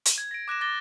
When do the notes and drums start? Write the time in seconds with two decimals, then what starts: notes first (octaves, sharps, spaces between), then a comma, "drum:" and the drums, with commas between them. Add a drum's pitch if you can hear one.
0.06 drum: hi-hat
0.18 G#6
0.31 A#6 D7
0.48 D6 F#6 A#6 E7
0.61 D6 A6 A#6 E7 G7